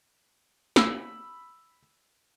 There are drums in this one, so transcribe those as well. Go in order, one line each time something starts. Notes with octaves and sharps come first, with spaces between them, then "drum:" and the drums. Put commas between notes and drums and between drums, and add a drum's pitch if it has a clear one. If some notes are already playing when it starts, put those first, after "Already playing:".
B5 E6, drum: snare